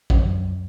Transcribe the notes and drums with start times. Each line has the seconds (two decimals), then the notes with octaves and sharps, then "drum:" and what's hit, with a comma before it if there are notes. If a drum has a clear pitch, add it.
0.10 F#2, drum: kick